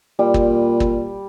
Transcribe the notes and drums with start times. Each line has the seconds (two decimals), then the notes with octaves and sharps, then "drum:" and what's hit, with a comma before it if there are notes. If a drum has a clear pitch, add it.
0.19 A#2 G3
0.34 drum: kick
0.80 drum: kick